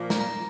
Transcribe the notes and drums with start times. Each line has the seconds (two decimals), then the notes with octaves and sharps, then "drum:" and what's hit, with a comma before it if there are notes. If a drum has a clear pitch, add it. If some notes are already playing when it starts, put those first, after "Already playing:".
Already playing: A#2 F3 A#3
0.10 A#5, drum: snare
0.21 A#5